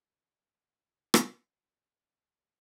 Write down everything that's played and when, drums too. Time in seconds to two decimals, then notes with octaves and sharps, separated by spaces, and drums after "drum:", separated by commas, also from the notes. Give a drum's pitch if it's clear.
0.15 G#5
0.57 D2 D3 G5
1.14 drum: rim click